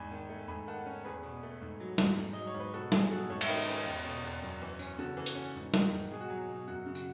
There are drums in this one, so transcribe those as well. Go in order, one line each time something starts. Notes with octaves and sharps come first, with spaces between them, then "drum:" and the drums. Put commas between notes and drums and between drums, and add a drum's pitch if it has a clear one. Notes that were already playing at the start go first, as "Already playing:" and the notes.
Already playing: E2 G#2 G#5 B5
D#3
A3
G#2 G#5 B5
D#3 F#5 A5
C#4
E2 G#4 B4
B2
A3
G#2
F#3
G#2, drum: snare
G#2
F#3 D#5
C#5
G#2
B4
B2 F#4 A4
F#3 G#4, drum: snare
B2 F#4 A4
G#2 A4 C#5
E5, drum: cymbal
D#3 B4 D#5
C#4 B4 D#5
E2
B2
E2
F#2
E3
C#4, drum: tambourine
C#3 F#4 A4
E3
F#4, drum: hi-hat
C#4
G#2
D#3, drum: snare
G#2
B2 G#4
F#4
F#3 G#4
B2
F#2 F#4
C#3
F#4, drum: tambourine